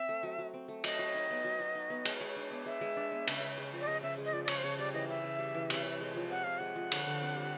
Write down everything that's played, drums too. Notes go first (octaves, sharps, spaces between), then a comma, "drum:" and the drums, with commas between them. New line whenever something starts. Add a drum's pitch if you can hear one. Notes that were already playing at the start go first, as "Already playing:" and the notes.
Already playing: C4 E5
A3
F#3
F#3
C4
A3
F#3 D#5, drum: cymbal
F#4
D#4
B3
F#3
F#4
D#4
B3
G#3, drum: cymbal
G#3
D4
B3
G#3 E5
G#3
D4
B3
C#3, drum: cymbal
C#3
G#3
F3
D5
C#3 D#5
C#3 E5
G#3
D#5
F3 D5
D5
C#3 C#5, drum: cymbal
C5
C#3 C#5
G3 D5
E3 D#5
C#3 E5
C#3
G3
E3
C3, drum: cymbal
C3
G#3
F3
C3 F#5
C3 F5
G#3 F#5
F3
D3, drum: cymbal
D3
C4
G3